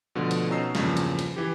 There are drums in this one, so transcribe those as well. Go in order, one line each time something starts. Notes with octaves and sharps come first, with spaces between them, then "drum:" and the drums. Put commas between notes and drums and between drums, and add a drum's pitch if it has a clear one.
B2 D3 F3 A3
drum: hi-hat
B2 C#4 D#4 A#5 E6 C7
E2 G2 A#2 C#3 F3, drum: snare
drum: hi-hat
drum: hi-hat
E3 G4